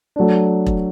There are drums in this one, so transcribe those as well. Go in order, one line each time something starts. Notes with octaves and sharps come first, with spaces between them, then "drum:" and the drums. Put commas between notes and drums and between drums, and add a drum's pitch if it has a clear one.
F#3 A3 D4
drum: kick E1